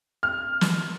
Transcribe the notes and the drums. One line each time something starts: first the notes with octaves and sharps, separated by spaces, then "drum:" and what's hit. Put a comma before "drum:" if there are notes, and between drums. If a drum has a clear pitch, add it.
F6
drum: snare